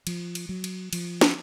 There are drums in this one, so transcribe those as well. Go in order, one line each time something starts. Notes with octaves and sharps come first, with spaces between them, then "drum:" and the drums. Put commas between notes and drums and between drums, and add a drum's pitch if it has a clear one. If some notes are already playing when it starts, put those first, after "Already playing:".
F3, drum: cymbal
drum: cymbal
F#3
drum: cymbal
F3, drum: cymbal
drum: snare